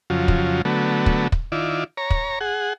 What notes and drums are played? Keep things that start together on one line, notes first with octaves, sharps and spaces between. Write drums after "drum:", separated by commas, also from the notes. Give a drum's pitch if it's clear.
F2 C#3 F3 F#3
drum: kick
D3 F#3 A3 B3
drum: kick
drum: kick
D#3 E4 F4 D5
C#5 A#5
drum: kick
G#4 F#5